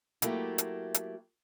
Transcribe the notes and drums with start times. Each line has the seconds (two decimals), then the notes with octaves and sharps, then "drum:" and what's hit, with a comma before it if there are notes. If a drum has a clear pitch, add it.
0.22 F#3 A3 A#3 E4 F4 G4, drum: hi-hat
0.58 drum: hi-hat
0.94 drum: hi-hat